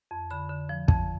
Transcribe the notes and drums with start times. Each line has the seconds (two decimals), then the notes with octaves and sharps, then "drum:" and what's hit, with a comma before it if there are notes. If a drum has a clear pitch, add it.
0.11 F2
0.31 D3 B5
0.50 D3
0.69 F3
0.88 F2, drum: kick